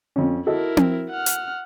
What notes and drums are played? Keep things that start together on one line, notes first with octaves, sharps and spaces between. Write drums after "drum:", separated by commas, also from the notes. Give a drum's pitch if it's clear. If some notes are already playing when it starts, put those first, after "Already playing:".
F2 C#4
E4 F#4 A4 A#4 D#5
drum: tom C4
F#5 F6
drum: hi-hat